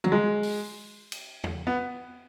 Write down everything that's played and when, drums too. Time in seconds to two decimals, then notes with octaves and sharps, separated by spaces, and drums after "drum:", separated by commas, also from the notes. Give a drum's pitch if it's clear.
0.04 F#3, drum: tom D3
0.12 G#3
0.43 drum: open hi-hat
1.12 drum: cymbal
1.44 drum: tom E2
1.67 B3